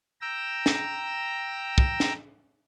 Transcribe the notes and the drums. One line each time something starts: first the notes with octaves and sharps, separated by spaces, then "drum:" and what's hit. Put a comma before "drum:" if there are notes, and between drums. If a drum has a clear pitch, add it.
G5 A#5 E6
drum: snare
drum: kick
drum: snare